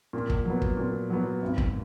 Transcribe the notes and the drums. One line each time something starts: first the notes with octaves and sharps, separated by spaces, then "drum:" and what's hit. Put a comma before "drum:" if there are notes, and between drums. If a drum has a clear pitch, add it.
A#2
drum: kick
F#3 B3
drum: kick
A#2
F#3 B3
G#1
drum: kick